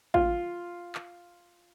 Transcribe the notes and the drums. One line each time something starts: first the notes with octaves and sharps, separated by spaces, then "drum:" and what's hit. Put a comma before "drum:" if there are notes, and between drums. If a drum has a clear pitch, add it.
F4, drum: kick
drum: clap